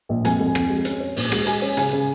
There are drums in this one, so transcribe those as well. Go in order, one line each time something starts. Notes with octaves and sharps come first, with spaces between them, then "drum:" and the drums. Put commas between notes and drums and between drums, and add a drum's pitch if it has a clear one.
A#1
F2 G#5, drum: hi-hat
F2
F2, drum: rim click
G#3
C#4, drum: hi-hat
C#4
A#1, drum: open hi-hat
G#3, drum: rim click
G#3 G#5, drum: hi-hat
C#4
C#3 G#5, drum: hi-hat
C#3